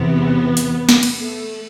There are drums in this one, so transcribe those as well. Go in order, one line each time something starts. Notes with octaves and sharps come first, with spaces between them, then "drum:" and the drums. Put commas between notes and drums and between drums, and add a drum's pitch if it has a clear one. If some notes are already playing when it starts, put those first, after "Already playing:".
Already playing: E2 C3 E3 B3
drum: hi-hat
drum: snare
drum: cymbal
A3